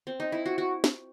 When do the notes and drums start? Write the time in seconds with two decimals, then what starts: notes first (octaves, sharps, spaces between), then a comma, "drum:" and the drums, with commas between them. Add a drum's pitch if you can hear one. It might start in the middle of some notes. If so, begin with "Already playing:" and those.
0.07 C4
0.20 D#4
0.32 E4
0.46 F#4
0.58 F#4
0.84 drum: snare